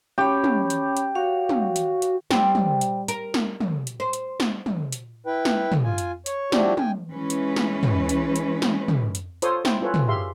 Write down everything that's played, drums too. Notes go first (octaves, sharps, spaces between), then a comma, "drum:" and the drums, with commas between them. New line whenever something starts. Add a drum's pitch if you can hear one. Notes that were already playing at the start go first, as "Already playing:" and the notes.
C#4 G4 C#5 B5
drum: tom
drum: hi-hat
drum: hi-hat
F#4 C#5 F5
drum: tom
drum: hi-hat
drum: hi-hat
G3 C4, drum: snare
drum: tom
drum: hi-hat
A#4, drum: hi-hat
drum: snare
drum: tom
drum: hi-hat
C5
drum: hi-hat
drum: snare
drum: tom
drum: hi-hat
E4 B4 G5
drum: snare
drum: tom
F4 G#5
drum: hi-hat
C#5, drum: hi-hat
F3 D4 E4 F#4 G4 D5, drum: snare
G5 G#5, drum: tom
E3 G#3 C#4 B4
drum: hi-hat
drum: snare
drum: tom
drum: hi-hat
drum: hi-hat
drum: snare
drum: tom
drum: hi-hat
F4 A4 C5 C#5 C6 D#6, drum: hi-hat
E4 G5, drum: snare
C#4 F4 A4 B4 C#5
drum: tom
G4 G#4 E5 F5 C6